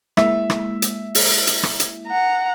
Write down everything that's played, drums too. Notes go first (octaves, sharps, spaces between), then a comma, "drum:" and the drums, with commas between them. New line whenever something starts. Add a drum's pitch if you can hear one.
G#3 A#3 E4 E5, drum: rim click
drum: rim click
drum: hi-hat
drum: open hi-hat
drum: hi-hat
drum: rim click
drum: hi-hat
F#5 A#5